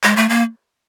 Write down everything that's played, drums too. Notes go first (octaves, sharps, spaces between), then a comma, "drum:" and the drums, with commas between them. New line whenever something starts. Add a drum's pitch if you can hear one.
G#3, drum: clap
A3
A#3